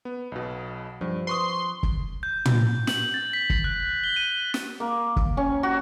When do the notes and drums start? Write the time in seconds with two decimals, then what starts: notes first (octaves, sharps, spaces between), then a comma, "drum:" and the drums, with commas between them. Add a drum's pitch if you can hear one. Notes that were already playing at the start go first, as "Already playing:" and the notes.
0.05 B3
0.32 B1 B2
1.01 G2 F3
1.27 B4 C6 C#6 D#6
1.83 drum: kick
2.23 G6
2.45 drum: tom
2.87 F#7, drum: snare
3.14 A6
3.33 B6
3.50 drum: kick
3.64 F#6
4.04 G7
4.16 D#7
4.54 drum: snare
4.80 A#3
5.16 drum: kick
5.37 C#4
5.63 F#4